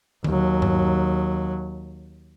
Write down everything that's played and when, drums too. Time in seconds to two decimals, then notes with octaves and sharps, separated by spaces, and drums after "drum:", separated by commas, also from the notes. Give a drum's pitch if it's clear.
0.24 D#2 F#3, drum: tom D3
0.62 drum: tom G2